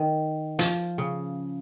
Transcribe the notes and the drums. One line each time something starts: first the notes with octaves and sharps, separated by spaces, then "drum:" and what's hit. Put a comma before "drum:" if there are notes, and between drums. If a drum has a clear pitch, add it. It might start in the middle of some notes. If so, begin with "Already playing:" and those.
Already playing: D#3
F3, drum: hi-hat
C#3